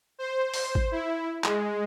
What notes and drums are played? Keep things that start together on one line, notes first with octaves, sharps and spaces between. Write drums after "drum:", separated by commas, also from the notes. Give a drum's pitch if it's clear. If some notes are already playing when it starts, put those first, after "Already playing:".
C5
drum: open hi-hat
drum: kick G#1
E4
G#3, drum: clap